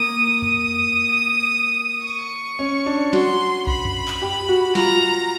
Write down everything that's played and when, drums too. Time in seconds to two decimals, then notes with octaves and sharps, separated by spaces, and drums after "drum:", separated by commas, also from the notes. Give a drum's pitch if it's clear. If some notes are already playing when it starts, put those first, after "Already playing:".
Already playing: A#3 D#6
0.42 D#6, drum: tom F2
2.05 C#6
2.59 C#4
2.86 D4
3.13 F#4 C6, drum: snare
3.67 B5, drum: kick B1
3.85 drum: tom F2
4.08 drum: clap
4.22 G4
4.49 F#4
4.75 F4 A#5, drum: snare